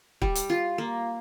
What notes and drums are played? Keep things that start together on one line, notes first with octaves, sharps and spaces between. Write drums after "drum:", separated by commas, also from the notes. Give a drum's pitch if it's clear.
G3, drum: kick
drum: hi-hat
F4
A#3